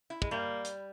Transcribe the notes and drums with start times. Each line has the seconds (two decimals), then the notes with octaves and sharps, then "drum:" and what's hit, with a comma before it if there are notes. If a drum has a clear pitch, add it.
0.10 E4
0.22 G#3, drum: kick
0.31 G3 A#3
0.65 drum: hi-hat